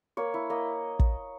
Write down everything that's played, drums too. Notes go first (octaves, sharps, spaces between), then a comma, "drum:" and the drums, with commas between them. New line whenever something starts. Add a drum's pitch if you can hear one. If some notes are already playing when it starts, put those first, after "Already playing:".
A#3 C#5
E4
A#3 D#5
drum: kick